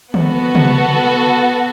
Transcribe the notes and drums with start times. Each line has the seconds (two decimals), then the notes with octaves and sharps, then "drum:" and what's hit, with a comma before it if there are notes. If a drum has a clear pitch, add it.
0.14 B3 F#4 A4 F#5, drum: tom
0.55 drum: tom